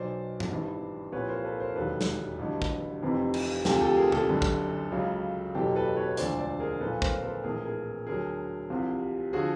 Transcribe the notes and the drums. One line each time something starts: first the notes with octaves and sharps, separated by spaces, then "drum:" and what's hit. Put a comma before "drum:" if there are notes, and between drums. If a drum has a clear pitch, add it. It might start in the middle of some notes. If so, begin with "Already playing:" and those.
Already playing: B1 B2 F#3 C5 D5
drum: tom G2
G#1 G2 E3
C2 A#2 F3 B4 C#5
A#4 C5
A4 B4
A#4 C5
E1 D#2 D#3 F#3 A4 B4
drum: snare
A1 G2 D3 F#3
drum: kick
F1 F2 C3 E3
drum: cymbal
D2 C3 F3 G4 A4, drum: snare
G4 A4
G#4 A#4
G4 A4, drum: tom
G1 F#2 D3
drum: kick
C#2 C#3 F#3
F#1 E2 B2 F#3 G4 A4
A4 B4
B4 C#5
E1 D2 D3 F3 C5 D5, drum: hi-hat
C5 D5
G#4 A#4
B1 A#2 F3 A4 B4
A#4 C5, drum: kick
A4 B4
A#1 A2 E3 G#4 A#4
G#4 A#4
D2 D3 F#3 G#4 A#4
C2 C3 F3
D3 F3 F#4 G#4